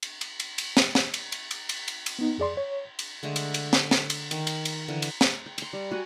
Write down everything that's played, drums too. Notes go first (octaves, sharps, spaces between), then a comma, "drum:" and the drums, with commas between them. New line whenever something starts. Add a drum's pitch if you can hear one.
drum: cymbal
drum: cymbal
drum: cymbal
drum: cymbal
drum: snare
drum: snare
drum: cymbal
drum: cymbal
drum: cymbal
drum: cymbal
drum: cymbal
drum: cymbal
B3 D#4
F2 G#4 D5 C6
C#5
drum: cymbal
D3 G#3 A3
drum: cymbal
drum: cymbal
drum: snare
drum: snare
drum: cymbal
D#3, drum: cymbal
drum: cymbal
drum: cymbal
D3 E3
drum: cymbal
drum: snare
G5
A#5 C6, drum: cymbal
G3
F#4 F#5 G#5